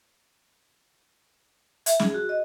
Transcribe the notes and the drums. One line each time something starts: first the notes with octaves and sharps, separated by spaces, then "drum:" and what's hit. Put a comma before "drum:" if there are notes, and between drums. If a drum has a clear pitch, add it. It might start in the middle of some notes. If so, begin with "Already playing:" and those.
E5, drum: hi-hat
G#4, drum: snare
F#4
D#5